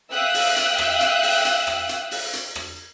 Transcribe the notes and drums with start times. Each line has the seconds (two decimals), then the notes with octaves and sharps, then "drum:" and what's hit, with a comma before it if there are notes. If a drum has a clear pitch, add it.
0.12 E5 F5 G5 D#6 E6 F#6
0.34 drum: open hi-hat
0.56 drum: hi-hat
0.78 drum: rim click
1.01 drum: hi-hat
1.23 drum: open hi-hat
1.45 drum: hi-hat
1.67 drum: rim click
1.89 drum: hi-hat
2.11 drum: open hi-hat
2.33 drum: hi-hat
2.55 drum: rim click